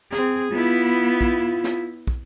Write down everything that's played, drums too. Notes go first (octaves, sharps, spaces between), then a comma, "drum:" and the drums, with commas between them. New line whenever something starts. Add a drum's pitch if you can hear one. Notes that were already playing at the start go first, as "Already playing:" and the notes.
C4 G#4, drum: snare
B3 E4 F4
drum: kick
drum: snare
drum: kick